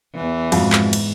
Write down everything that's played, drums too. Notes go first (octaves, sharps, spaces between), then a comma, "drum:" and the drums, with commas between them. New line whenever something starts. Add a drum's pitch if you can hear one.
E2 E3
F2 G#2 B2, drum: cymbal
drum: clap
drum: cymbal